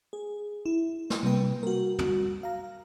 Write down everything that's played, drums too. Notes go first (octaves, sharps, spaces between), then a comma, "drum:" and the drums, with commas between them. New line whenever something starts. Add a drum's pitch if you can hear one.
G#4
E4
drum: snare
C3 G3 A#3 B4 G5
F#4 A#4
F#4, drum: tom
F5 A#5